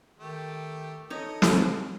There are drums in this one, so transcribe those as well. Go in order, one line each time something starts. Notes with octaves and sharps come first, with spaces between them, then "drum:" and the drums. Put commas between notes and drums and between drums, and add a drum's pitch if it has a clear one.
D#3 A3 G4
D#4 A4 C#5 D#5
drum: snare